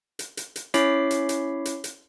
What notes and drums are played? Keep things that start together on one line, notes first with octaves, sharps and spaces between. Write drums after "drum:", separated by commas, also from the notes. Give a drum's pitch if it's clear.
drum: hi-hat
drum: hi-hat
drum: hi-hat
C#4 E4 C#5 D6 B6 C7, drum: hi-hat
drum: hi-hat
drum: hi-hat
drum: hi-hat
drum: hi-hat